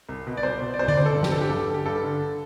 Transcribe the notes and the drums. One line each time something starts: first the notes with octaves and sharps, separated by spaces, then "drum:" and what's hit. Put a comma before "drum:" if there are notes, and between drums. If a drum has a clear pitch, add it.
C2
B2
D5
C2 C5
B2
D5
C2 C5
D5, drum: tom D3
B2 C5
A4
G2
G4, drum: snare
D3 A4
G4
G2 A4
D3
G4
G2 A4
D3